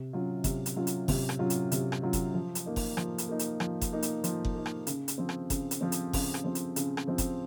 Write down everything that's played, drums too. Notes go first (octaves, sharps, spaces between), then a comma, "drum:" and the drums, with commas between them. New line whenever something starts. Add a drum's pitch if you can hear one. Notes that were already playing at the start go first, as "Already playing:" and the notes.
Already playing: C3
F#3 C#4 F4
C3, drum: kick F#1, hi-hat
drum: hi-hat
F#3 C#4 F4
drum: hi-hat
C3, drum: kick F#1, open hi-hat
drum: rim click
F#3 C#4 F4
drum: hi-hat
C3, drum: hi-hat
drum: rim click
F#3 C#4 F4
drum: kick F#1, hi-hat
F3
drum: hi-hat
A#3 D#4
drum: kick F#1, open hi-hat
F3, drum: rim click
drum: hi-hat
A#3 D#4
drum: hi-hat
F3, drum: rim click
drum: kick F#1, hi-hat
A#3 D#4
drum: hi-hat
F3, drum: hi-hat
drum: kick F#1
A#3 D#4
drum: rim click
C#3, drum: hi-hat
drum: hi-hat
F3 C4
drum: rim click
C#3, drum: kick F#1, hi-hat
drum: hi-hat
F3 C4
drum: hi-hat
C#3, drum: kick F#1, open hi-hat
drum: rim click
F3 C4
drum: hi-hat
C#3, drum: hi-hat
drum: rim click
F3 C4
drum: kick F#1, hi-hat